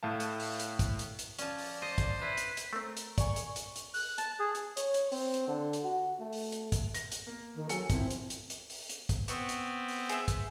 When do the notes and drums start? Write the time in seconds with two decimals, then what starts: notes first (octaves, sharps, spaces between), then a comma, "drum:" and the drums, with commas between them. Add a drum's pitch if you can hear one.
0.03 A2 A3 F5 A5
0.20 drum: hi-hat
0.40 drum: open hi-hat
0.60 drum: hi-hat
0.79 drum: kick, hi-hat
0.99 drum: hi-hat
1.19 drum: hi-hat
1.39 F3 C#4 D5, drum: hi-hat
1.58 drum: open hi-hat
1.82 C5 D#5
1.98 drum: kick, hi-hat
2.22 E4 B4
2.37 drum: hi-hat
2.57 drum: hi-hat
2.73 A3 C4 A#4
2.97 drum: hi-hat
3.18 D5 G#5 C#6, drum: kick, hi-hat
3.36 drum: hi-hat
3.56 drum: hi-hat
3.76 drum: hi-hat
3.94 F#6, drum: open hi-hat
4.18 A5, drum: hi-hat
4.39 G#4
4.55 drum: hi-hat
4.77 C#5, drum: hi-hat
4.94 drum: hi-hat
5.12 C4, drum: open hi-hat
5.34 drum: hi-hat
5.48 D3
5.73 drum: hi-hat
5.84 F#4
6.20 A3
6.33 drum: open hi-hat
6.52 drum: hi-hat
6.72 drum: kick, hi-hat
6.94 A#6, drum: hi-hat
7.12 drum: hi-hat
7.27 A#3
7.55 D#3
7.69 F#3 A4 G#5 C#7, drum: hi-hat
7.90 F3 C4 E4, drum: kick, hi-hat
8.10 drum: hi-hat
8.30 drum: hi-hat
8.50 drum: hi-hat
8.70 drum: open hi-hat
8.89 drum: hi-hat
9.09 drum: kick, hi-hat
9.28 B3 C4 C#6, drum: hi-hat
9.49 drum: hi-hat
9.88 drum: open hi-hat
10.09 G#4 E5, drum: hi-hat
10.28 drum: kick, hi-hat